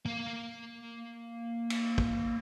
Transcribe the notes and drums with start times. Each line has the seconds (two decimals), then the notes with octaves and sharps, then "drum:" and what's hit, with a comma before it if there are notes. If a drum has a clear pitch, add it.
0.06 A#3 F5
1.70 drum: cymbal
1.98 drum: kick